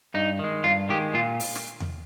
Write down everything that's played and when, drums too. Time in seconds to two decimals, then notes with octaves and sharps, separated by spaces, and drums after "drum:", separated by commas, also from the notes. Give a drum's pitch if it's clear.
0.14 G2 D#4
0.39 D#3 G#3
0.64 G2 F4
0.89 D#3 G#3 G4
1.14 A#2 F4
1.40 drum: open hi-hat
1.55 drum: snare
1.80 drum: tom E2